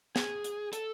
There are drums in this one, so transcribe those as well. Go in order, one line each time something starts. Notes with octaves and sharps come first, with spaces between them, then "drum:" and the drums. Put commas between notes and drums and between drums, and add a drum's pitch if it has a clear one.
G#4, drum: snare
drum: hi-hat
A4, drum: hi-hat